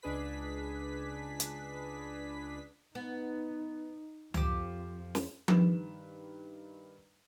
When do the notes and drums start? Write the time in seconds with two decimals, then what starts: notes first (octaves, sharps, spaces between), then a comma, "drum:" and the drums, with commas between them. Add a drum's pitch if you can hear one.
0.02 C#2 D4 G#4 B4 B6
1.40 drum: hi-hat
2.95 B3 D#4
4.34 F2 F3 G4, drum: tom C#2
5.15 drum: snare
5.48 G2 D#3 B4 E7, drum: tom F3